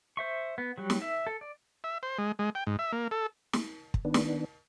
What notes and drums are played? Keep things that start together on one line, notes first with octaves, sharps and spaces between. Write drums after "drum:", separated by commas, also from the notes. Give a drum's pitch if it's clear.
C5 E5 C#6
B3
F#3 G3 F#4
drum: snare
E5
A4
D5
E5
C5
G#3
G#3
G5
G#2
E5
A#3
A4
drum: snare
drum: kick
D#3 B3 D4
drum: snare